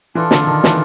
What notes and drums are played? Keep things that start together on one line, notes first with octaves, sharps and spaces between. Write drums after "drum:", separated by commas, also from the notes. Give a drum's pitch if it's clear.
E3 D4 F4 A4
D3, drum: snare
D#3
E3, drum: snare